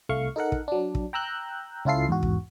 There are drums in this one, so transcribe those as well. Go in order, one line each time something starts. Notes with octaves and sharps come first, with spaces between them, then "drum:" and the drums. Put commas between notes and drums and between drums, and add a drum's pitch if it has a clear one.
C2 A3 F5 C#6
D#4 A4 A#4 F#5
drum: kick
F#3 D4
drum: kick
G5 A#5 E6 F#6 G6
C#2 C#4 E4 F4 A4 C7
E2 G#2 F#4
drum: kick